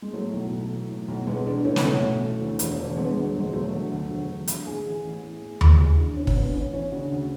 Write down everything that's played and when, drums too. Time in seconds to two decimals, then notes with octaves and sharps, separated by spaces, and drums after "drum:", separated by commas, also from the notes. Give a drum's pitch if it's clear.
0.02 G#3
0.13 A2 F#3 A3
0.33 B1
0.51 B1
0.70 E3
0.89 A2
1.08 B1
1.27 B1 G#3 B3
1.46 E3 B3 D4
1.65 A2 A3 C#4
1.76 B3, drum: snare
1.83 B1 A3 C#4
2.02 B1
2.21 E3
2.41 D2
2.59 E1, drum: hi-hat
2.78 E1
2.96 D3 G#3 B3
3.10 D2 G#3
3.24 F#3
3.35 E1 G#3
3.53 E1 F#3 A3
3.72 D3
3.91 D2
4.10 E1
4.28 E1
4.48 D3, drum: hi-hat
4.66 A2 E4 G#4
4.85 A1
5.04 A1
5.23 E3
5.42 A2
5.61 A1, drum: tom D#2
5.79 A1 E4 G#4
5.98 E3 D4 F#4
6.16 A2 C#4 E4
6.27 C#4, drum: kick
6.35 A1 B3 D4
6.54 A1 C#4 E4
6.73 E3 C#4 E4
6.92 C#3 D4 F#4
7.12 D2